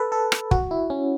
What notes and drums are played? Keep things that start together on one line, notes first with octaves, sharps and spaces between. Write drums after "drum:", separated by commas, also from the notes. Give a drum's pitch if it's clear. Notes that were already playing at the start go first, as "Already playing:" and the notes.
Already playing: A4 B4
A4
drum: rim click
F#4, drum: kick
E4
C#4